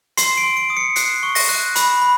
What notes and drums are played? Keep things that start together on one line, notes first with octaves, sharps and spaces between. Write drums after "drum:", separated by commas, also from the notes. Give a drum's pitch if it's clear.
C6 C7, drum: hi-hat
D7
C6
D7
D#6
C#7
F#6 C7, drum: hi-hat
C#6
A#6, drum: open hi-hat
F#6
B5, drum: hi-hat
B5